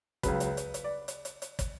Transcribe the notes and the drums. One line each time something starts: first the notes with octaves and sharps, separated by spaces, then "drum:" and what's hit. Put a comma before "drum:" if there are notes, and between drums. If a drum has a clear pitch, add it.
C#2 C#3 F#3 B4, drum: kick, hi-hat
drum: hi-hat
drum: hi-hat
drum: hi-hat
D5
drum: hi-hat
drum: hi-hat
drum: hi-hat
drum: kick, hi-hat